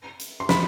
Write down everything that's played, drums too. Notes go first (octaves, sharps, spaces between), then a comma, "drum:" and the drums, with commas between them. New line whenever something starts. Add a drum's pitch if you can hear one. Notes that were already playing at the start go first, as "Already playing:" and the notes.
drum: hi-hat
C6
B5, drum: snare